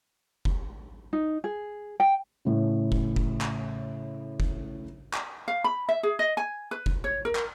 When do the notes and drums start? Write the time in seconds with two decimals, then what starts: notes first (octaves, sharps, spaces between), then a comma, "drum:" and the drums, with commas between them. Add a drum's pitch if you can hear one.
0.45 drum: kick F1
1.13 D#4
1.44 G#4
2.00 G5
2.45 A2 C#3
2.92 drum: kick F1
3.16 drum: kick F1
3.41 drum: clap
4.40 drum: kick F1
5.14 drum: clap
5.48 F5
5.64 B5
5.89 E5
6.03 G#4
6.19 D#5
6.37 G#5
6.71 B4
6.86 drum: kick F1
7.04 C#5
7.25 A#4
7.35 drum: clap